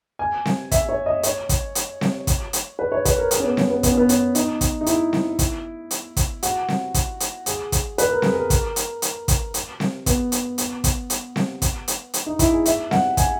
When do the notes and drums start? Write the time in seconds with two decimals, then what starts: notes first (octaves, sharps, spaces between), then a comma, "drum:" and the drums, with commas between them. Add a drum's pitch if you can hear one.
0.19 G#5
0.45 drum: snare C4
0.71 E5, drum: kick, hi-hat
0.89 C#5
1.06 D#5
1.23 C#5, drum: hi-hat
1.49 drum: kick, hi-hat
1.75 drum: hi-hat
2.01 drum: snare C4
2.27 drum: kick, hi-hat
2.53 drum: hi-hat
2.79 B4
2.92 C#5
3.05 B4, drum: kick, hi-hat
3.18 A#4
3.31 G#4, drum: hi-hat
3.40 C#4
3.44 B3
3.57 C#4, drum: snare C4
3.70 B3
3.83 B3, drum: kick, hi-hat
3.91 C#4
3.98 B3
4.09 C#4, drum: hi-hat
4.35 D#4, drum: hi-hat
4.61 drum: kick, hi-hat
4.81 D#4
4.86 E4, drum: hi-hat
5.13 drum: snare C4
5.39 drum: kick, hi-hat
5.91 drum: hi-hat
6.17 drum: kick, hi-hat
6.43 F#4, drum: hi-hat
6.68 drum: snare C4
6.94 drum: kick, hi-hat
7.20 drum: hi-hat
7.46 G#4, drum: hi-hat
7.72 drum: kick, hi-hat
7.98 B4, drum: hi-hat
8.10 A#4
8.22 G#4, drum: snare C4
8.34 A#4
8.50 drum: kick, hi-hat
8.76 drum: hi-hat
9.02 drum: hi-hat
9.28 drum: kick, hi-hat
9.54 drum: hi-hat
9.80 drum: snare C4
10.06 B3, drum: kick, hi-hat
10.32 drum: hi-hat
10.58 drum: hi-hat
10.84 drum: kick, hi-hat
11.10 drum: hi-hat
11.36 drum: snare C4
11.62 drum: kick, hi-hat
11.88 drum: hi-hat
12.14 drum: hi-hat
12.26 D#4
12.39 E4, drum: kick, hi-hat
12.52 G#4
12.66 E5, drum: hi-hat
12.91 F#5, drum: snare C4
13.17 G#5, drum: kick, hi-hat